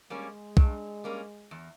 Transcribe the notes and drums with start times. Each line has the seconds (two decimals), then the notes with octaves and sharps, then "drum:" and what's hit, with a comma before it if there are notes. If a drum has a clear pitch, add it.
0.10 G3 G#3 A#3 C#4
0.57 G2, drum: kick
1.04 G3 A#3 C#4
1.51 E2